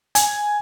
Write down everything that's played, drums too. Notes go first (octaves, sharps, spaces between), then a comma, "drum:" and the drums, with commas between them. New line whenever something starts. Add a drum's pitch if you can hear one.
G#5, drum: hi-hat